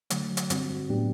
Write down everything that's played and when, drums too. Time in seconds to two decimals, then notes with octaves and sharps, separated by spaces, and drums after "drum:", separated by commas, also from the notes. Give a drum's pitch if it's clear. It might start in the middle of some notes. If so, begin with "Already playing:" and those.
0.10 D3 F#3 A3, drum: hi-hat
0.37 drum: hi-hat
0.50 G2 D3 G3 C4 F#4, drum: hi-hat
0.89 A2 F#3 B3 D4 G4